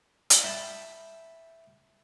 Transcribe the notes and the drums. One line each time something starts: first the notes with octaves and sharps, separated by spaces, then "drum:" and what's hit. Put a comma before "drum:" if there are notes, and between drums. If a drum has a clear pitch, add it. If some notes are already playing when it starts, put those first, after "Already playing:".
drum: hi-hat
E5 G5 A5 B5